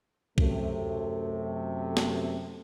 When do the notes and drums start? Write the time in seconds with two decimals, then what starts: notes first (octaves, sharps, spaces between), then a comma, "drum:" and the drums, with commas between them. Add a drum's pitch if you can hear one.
0.38 F#2 C3 A3, drum: kick B1
1.97 drum: snare